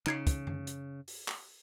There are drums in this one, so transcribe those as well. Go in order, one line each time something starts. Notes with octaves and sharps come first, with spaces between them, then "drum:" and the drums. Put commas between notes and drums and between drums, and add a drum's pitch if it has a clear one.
C#3 D#4 G#6 C7, drum: clap
drum: kick, hi-hat
drum: tom F#2
drum: hi-hat
drum: open hi-hat
drum: clap